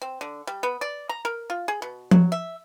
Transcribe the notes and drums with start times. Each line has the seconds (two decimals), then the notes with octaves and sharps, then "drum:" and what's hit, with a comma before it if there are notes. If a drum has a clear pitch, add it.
0.02 C4
0.21 D3
0.47 G3
0.63 B3
0.81 D5
1.09 A#5
1.25 A#4
1.50 F4
1.68 G#4
1.82 B2
2.11 F#3, drum: tom F3
2.32 E5